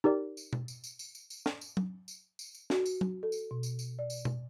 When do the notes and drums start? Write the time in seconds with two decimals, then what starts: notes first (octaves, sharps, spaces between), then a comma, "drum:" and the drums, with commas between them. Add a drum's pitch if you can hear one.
0.04 D#4 G4 A#4 D5
0.37 drum: tambourine
0.53 drum: tom B2
0.68 drum: tambourine
0.84 drum: tambourine
0.99 drum: tambourine
1.15 drum: tambourine
1.30 drum: tambourine
1.46 drum: snare
1.61 drum: tambourine
1.77 drum: tom F#3
2.08 drum: tambourine
2.39 drum: tambourine
2.55 drum: tambourine
2.70 F#4, drum: snare
2.86 drum: tambourine
3.01 drum: tom F#3
3.23 A4
3.32 drum: tambourine
3.51 B2
3.63 drum: tambourine
3.79 drum: tambourine
3.99 D5
4.10 drum: tambourine
4.25 drum: tom B2